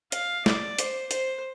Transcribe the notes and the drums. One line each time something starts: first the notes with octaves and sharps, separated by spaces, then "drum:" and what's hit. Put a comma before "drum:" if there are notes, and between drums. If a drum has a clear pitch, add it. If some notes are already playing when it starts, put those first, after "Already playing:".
F5, drum: hi-hat
D5, drum: snare
C5, drum: hi-hat
C5, drum: hi-hat